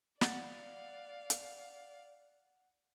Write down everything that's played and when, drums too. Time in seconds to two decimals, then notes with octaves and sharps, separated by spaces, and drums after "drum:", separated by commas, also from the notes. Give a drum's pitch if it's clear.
0.21 D5 F5 F#5 A6, drum: snare
1.30 drum: hi-hat